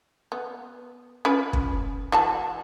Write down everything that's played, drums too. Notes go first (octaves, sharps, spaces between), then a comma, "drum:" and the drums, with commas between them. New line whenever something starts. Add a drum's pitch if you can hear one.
B3
C#4 F4 B4
drum: kick
E3 F#4 A5